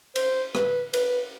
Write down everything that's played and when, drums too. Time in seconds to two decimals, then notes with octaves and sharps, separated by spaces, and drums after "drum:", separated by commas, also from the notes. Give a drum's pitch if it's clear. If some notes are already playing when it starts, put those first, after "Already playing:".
0.15 C5, drum: cymbal
0.55 B4, drum: rim click
0.93 B4, drum: cymbal